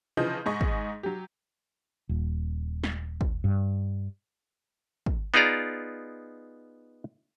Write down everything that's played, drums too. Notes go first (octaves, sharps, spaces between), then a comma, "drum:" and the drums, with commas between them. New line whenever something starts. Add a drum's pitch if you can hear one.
C#3 E3 F3 D#5 G6
G#2 D#4 G#4 D#5 C#6
drum: kick
F#3 G4
D#1
drum: snare
drum: kick
G2
drum: kick
B3 D#4 F4 G#4 D5 A#5